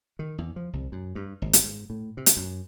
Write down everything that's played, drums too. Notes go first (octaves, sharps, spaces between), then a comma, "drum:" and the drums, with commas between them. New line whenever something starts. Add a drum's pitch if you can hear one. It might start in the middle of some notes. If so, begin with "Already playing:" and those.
D#3
E2
F3
C2
F#2
G2
G#1
drum: hi-hat
G#2
A2
C3
drum: hi-hat
F#2